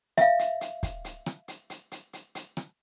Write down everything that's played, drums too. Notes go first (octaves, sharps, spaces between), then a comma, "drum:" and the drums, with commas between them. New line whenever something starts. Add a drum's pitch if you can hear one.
E5 F5, drum: rim click
drum: hi-hat
drum: hi-hat
drum: kick, hi-hat
drum: hi-hat
drum: rim click
drum: hi-hat
drum: hi-hat
drum: hi-hat
drum: hi-hat
drum: hi-hat
drum: rim click